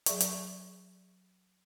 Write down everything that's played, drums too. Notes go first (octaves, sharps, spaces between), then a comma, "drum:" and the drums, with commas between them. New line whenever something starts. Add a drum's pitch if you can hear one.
F#3 G#4 D5 E5 C#6, drum: hi-hat
drum: hi-hat